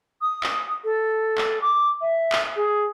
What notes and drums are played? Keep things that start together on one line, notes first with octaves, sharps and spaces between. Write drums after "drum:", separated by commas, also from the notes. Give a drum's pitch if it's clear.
D#6
drum: clap
A4
drum: clap
D6
E5
drum: clap
G#4